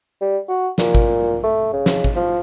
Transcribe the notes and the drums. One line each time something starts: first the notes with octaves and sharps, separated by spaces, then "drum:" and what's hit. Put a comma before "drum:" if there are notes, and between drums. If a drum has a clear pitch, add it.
G3
F#4
A#2, drum: snare
drum: kick G#1
A3
C#3
drum: snare
drum: kick G#1
F3